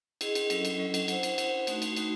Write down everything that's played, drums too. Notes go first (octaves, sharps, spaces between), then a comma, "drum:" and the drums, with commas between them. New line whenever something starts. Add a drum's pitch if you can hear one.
E4 G#4 D#5, drum: cymbal
drum: cymbal
F#3 C#4 E4 A4 D#5, drum: cymbal
drum: cymbal
F#3 C#4 E4 A4 D#5
drum: cymbal
E4 C5 F#5, drum: cymbal
drum: cymbal
E4 C5 F#5, drum: cymbal
A3 D#4 F#4, drum: cymbal
drum: cymbal
A3 D#4 F#4, drum: cymbal